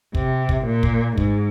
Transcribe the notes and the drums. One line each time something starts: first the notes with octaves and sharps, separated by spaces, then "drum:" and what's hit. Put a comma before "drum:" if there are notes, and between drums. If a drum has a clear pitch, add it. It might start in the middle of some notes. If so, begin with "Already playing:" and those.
C3, drum: kick
drum: kick
A#2
drum: kick
G#2, drum: kick